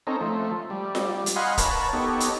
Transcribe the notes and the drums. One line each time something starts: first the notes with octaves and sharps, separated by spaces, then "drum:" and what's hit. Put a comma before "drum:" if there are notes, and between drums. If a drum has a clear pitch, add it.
C4 C#4 D#4 A4 A#5
F3 A3
G3
drum: snare F4
drum: hi-hat
D#5 F5 F#5 G#5 B5 C6
A#4 B4 C#5 A5 B5, drum: kick, hi-hat
B3 D#4 G4 A4 C#5
drum: hi-hat